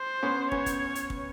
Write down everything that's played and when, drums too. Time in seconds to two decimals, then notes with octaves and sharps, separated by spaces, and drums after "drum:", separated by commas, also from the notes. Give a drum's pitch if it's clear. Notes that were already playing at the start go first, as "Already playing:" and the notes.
Already playing: C5
0.23 B3 C#4
0.52 B3 C#4 C#5, drum: kick
0.66 drum: kick, hi-hat
0.95 drum: hi-hat
1.10 drum: kick